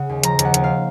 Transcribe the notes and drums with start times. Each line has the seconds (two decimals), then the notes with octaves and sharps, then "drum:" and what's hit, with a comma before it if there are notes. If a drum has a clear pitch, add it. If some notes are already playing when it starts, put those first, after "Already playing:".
Already playing: C#3 F#5
0.09 D#2
0.23 F3 A#5, drum: hi-hat
0.39 D#2, drum: hi-hat
0.45 F#5
0.54 D#2, drum: hi-hat
0.64 F5